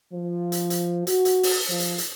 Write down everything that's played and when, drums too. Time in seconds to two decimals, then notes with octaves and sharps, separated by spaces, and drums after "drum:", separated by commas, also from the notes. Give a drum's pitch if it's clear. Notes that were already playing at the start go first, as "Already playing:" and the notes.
0.13 F3
0.52 drum: hi-hat
0.70 drum: hi-hat
1.07 F#4, drum: hi-hat
1.25 drum: hi-hat
1.43 drum: open hi-hat
1.70 F3
1.80 drum: hi-hat
1.98 drum: hi-hat